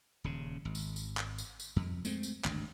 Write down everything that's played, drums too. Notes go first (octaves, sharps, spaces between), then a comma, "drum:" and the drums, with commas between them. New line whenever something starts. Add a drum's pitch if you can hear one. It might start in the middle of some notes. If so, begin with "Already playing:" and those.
D#1 C#3
G#1
drum: tambourine
drum: tambourine
drum: clap
drum: tambourine
drum: tambourine
F2
G#3 A3 C4, drum: tambourine
drum: tambourine
G#1 D2 G2, drum: clap